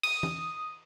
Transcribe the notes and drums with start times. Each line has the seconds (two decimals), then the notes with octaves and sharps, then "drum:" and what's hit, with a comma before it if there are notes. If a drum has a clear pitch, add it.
0.03 D#6, drum: cymbal
0.23 drum: tom E3